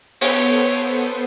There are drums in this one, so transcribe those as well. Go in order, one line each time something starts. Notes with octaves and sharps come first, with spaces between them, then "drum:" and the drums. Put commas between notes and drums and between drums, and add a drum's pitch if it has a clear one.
B3 A4 C5 C#5, drum: open hi-hat